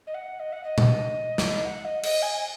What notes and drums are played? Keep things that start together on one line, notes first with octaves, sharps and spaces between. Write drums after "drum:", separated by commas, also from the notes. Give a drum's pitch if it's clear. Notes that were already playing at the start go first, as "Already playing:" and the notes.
D#5
F#5
D#5
F#5
D#5
drum: tom A#2
drum: snare
F#5
D#5
D#5, drum: cymbal
G#5